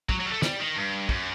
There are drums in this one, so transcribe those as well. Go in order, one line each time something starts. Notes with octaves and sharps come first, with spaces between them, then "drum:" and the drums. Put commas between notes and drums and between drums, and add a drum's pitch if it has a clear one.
F#3, drum: kick
F#3
G3
A3
G3, drum: snare
D#3
G2
F#2, drum: kick